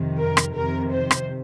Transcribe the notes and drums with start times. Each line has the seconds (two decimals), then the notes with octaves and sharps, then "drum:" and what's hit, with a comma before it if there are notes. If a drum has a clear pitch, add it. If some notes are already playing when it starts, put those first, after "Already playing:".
Already playing: F2 C3 D#3
0.19 A#4
0.37 drum: rim click
0.55 F2 C3 D#3 A#4
0.93 C5
1.11 drum: rim click